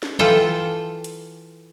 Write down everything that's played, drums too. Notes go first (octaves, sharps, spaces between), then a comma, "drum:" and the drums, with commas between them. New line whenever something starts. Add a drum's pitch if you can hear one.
drum: snare
E3 F4 A4 F#5 G5, drum: tom F3
drum: hi-hat